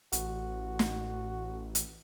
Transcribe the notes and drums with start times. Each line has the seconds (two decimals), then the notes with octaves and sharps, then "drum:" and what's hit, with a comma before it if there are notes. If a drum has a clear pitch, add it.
0.12 A1 F#4, drum: hi-hat
0.79 drum: snare
1.75 drum: hi-hat